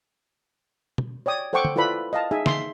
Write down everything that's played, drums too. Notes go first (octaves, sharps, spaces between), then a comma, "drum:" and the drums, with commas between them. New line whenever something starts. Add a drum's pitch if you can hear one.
drum: tom
C#5 D5 G5 D#6
A4 C5 F#5 G5 C#6 D6
drum: tom D3
E4 F4 A4 B4 D5 B5
D#5 F5 A5
D#4 G#4 E5 G#5
E5 C6, drum: snare